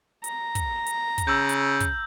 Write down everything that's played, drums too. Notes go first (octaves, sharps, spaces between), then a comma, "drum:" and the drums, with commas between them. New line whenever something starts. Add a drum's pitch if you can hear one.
A#5, drum: hi-hat
drum: kick, hi-hat
drum: hi-hat
drum: kick, hi-hat
C#3 E6 G6
drum: hi-hat
drum: kick, hi-hat